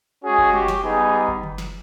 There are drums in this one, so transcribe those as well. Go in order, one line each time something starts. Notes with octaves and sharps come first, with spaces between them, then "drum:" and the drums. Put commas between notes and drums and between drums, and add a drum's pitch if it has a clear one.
G#3 C#4 F#4 G#4
drum: kick F#1
G4, drum: tom G3
drum: snare
G3 B3 D#4 G#4
drum: kick F#1
drum: tom D3
drum: snare